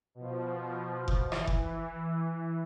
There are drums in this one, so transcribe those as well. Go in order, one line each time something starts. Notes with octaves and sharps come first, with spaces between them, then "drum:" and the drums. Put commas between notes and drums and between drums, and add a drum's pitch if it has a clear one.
B2 F3
drum: kick F1
E3, drum: rim click
drum: kick F1